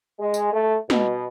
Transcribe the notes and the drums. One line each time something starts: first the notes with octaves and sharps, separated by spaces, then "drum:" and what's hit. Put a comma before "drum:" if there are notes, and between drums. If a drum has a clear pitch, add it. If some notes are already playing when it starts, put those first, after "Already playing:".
G#3
drum: tambourine
A3
B2, drum: snare